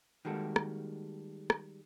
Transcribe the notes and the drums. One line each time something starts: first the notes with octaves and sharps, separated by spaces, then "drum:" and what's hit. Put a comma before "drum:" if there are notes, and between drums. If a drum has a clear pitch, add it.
D#3 G3 G#3 A#3 F#4 A4
drum: rim click
drum: rim click